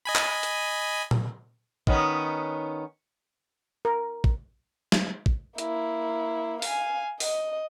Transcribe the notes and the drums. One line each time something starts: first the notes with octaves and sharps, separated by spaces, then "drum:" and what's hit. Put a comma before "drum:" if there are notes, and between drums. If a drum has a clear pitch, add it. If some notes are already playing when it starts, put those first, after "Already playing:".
D#5 G#5 B5
drum: clap
drum: hi-hat
drum: tom A#2
D#3 B3 C#4, drum: kick
A#4
drum: kick
drum: snare
drum: kick
A#3 E4, drum: hi-hat
F5 G#5, drum: open hi-hat
D#5, drum: open hi-hat